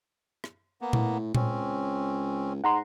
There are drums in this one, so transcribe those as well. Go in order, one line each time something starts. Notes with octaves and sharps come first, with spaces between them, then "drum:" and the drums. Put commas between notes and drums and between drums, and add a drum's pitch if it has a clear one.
drum: rim click
A#3 B3
A2, drum: tom A#2
C#2 C4 C#4, drum: tom A#2
G#2 F#5 A#5 C6